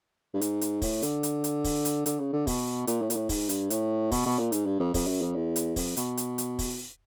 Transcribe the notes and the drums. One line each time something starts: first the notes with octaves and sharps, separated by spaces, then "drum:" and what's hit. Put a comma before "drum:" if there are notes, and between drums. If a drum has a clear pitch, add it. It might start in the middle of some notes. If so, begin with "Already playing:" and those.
G2
G#2, drum: hi-hat
drum: hi-hat
A2, drum: kick, open hi-hat
D3, drum: hi-hat
drum: hi-hat
drum: hi-hat
drum: kick, open hi-hat
drum: hi-hat
D3, drum: hi-hat
C#3
D3
B2, drum: kick, open hi-hat
A#2, drum: hi-hat
A2
A#2, drum: hi-hat
A2
G#2, drum: kick, open hi-hat
G2, drum: hi-hat
A2, drum: hi-hat
B2, drum: kick, open hi-hat
B2
A#2
G#2, drum: hi-hat
G2
F2
F2, drum: kick, open hi-hat
F#2
F2
E2
drum: hi-hat
F2, drum: kick, open hi-hat
B2, drum: hi-hat
drum: hi-hat
drum: hi-hat
drum: kick, open hi-hat